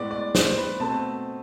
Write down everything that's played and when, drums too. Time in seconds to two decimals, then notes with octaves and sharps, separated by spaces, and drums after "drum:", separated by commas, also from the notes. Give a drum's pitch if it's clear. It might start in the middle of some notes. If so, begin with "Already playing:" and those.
Already playing: A2 G#3 B3 D5
0.11 D5
0.35 C5, drum: snare
0.58 B4
0.80 B2 A3 C4 A5